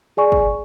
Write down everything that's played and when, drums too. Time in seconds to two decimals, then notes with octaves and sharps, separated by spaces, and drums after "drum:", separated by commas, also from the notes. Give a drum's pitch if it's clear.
0.17 G#4 D5 G#5 C#6
0.32 drum: kick